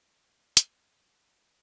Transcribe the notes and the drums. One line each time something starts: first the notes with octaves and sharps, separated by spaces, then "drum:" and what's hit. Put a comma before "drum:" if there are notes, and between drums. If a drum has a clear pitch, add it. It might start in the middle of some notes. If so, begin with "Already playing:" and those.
A3 D4 F4 B4 D5
drum: hi-hat
G#3 B3 D4 F4 A4 C5
A4
G#4 B4
A4
G#3 D4 F4